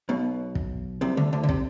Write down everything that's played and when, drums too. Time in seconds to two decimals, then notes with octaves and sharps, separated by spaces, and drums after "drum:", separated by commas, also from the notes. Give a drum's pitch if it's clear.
0.09 B1 B2
0.55 drum: kick
1.01 C2 C3
1.17 D2 D3
1.33 D2 D3
1.43 D3
1.49 C3, drum: kick